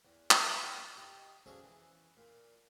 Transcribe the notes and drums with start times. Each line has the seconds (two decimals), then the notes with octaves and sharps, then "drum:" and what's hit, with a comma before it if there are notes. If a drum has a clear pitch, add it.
0.05 E2
0.31 drum: clap
0.65 G5
0.96 G4 D#5 A#5
1.46 B2 F3 C#4 D4 G#4 A4
1.64 E3
2.17 A#2